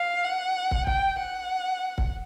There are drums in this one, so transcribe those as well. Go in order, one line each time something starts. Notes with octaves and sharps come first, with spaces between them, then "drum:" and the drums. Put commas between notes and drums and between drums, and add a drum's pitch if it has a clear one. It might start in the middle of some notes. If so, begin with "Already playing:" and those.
Already playing: F5
F#5
drum: kick
G5, drum: kick
F#5
drum: kick